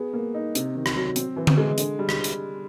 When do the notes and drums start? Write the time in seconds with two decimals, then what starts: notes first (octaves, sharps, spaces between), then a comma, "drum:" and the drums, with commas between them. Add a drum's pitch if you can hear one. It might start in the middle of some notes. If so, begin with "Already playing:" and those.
Already playing: B3 G#4
0.13 A#3
0.34 D#4
0.55 C3, drum: hi-hat
0.75 D#3
0.86 drum: rim click
0.96 F#3
1.16 C4, drum: hi-hat
1.36 E3
1.47 drum: tom D3
1.58 G#3
1.78 D3, drum: hi-hat
1.99 G3
2.09 drum: rim click
2.24 drum: hi-hat